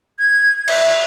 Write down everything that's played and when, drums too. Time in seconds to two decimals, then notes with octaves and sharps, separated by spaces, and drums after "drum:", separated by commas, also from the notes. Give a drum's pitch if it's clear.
0.19 G#6
0.68 E5, drum: cymbal